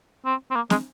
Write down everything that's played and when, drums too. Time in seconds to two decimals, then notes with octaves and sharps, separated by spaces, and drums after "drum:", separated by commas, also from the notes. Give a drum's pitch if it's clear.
0.25 C4
0.51 C4
0.55 A#3
0.70 G#3, drum: snare